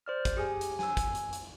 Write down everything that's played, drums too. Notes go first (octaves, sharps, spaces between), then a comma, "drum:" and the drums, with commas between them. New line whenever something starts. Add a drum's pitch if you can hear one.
C5 D5 F6
drum: kick, hi-hat
G4 G#4 G#5
drum: hi-hat
G#5 E6, drum: snare
drum: kick, hi-hat
drum: hi-hat
drum: hi-hat